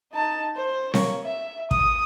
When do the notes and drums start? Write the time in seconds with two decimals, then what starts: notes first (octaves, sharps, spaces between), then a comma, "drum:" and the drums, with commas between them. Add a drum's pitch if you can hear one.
0.12 D#4 A5
0.56 C5
0.94 A#3 C#5, drum: snare C4
1.24 E5
1.71 D#6, drum: kick